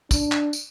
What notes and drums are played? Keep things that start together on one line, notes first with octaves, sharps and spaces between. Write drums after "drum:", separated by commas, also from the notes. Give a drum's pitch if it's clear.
D4, drum: kick, tambourine
drum: clap
drum: tambourine